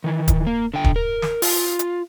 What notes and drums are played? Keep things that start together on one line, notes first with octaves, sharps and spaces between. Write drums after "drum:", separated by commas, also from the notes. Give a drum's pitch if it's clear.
D#3 E3
drum: kick, hi-hat
A#3
D3 G5
drum: kick
A#4
drum: snare
F4, drum: open hi-hat
drum: hi-hat